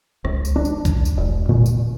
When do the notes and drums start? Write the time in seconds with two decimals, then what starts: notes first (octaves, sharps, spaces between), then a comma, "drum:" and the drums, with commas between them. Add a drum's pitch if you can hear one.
0.25 C#2, drum: rim click
0.45 drum: tambourine
0.56 D4
0.65 drum: tambourine
0.85 drum: kick B1, tambourine
1.05 drum: tambourine
1.17 E1
1.49 A#2
1.66 drum: tambourine